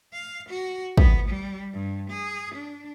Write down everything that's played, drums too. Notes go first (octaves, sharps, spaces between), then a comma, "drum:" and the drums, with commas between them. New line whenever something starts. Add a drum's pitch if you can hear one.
F5
F#4
B3, drum: kick
G3
G2
G#4
D4